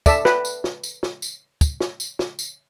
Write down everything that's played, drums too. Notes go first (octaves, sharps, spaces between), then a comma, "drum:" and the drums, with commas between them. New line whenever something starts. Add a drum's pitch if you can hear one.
A4 D5 E5, drum: kick, tambourine
B4, drum: snare
drum: tambourine
drum: snare
drum: tambourine
drum: snare
drum: tambourine
drum: kick, tambourine
drum: snare
drum: tambourine
drum: snare
drum: tambourine